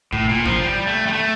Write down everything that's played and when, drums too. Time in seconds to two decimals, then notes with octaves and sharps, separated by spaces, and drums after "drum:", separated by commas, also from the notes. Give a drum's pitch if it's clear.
0.13 A2, drum: kick G#1
0.29 A#2
0.46 F3, drum: kick G#1
0.62 G3
0.87 A3
1.07 G3
1.13 A3